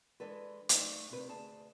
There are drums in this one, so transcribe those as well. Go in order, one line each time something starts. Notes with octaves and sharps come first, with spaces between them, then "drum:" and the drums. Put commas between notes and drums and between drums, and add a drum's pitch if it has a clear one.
E3 G#3 D4 A4 B4
A3 D4 D#4, drum: hi-hat
D2 C3 B4
D2 G#4 A5